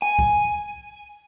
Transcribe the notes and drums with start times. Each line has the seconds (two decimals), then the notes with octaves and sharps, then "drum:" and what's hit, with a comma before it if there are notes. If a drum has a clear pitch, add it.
0.02 G#5
0.19 drum: kick